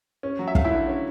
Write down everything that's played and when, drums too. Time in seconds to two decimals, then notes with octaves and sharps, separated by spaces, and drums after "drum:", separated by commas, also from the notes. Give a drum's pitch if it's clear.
0.23 C#4
0.39 F#3
0.48 E5
0.55 A3 F5, drum: kick
0.64 E4 E5
0.71 D3
0.87 C#4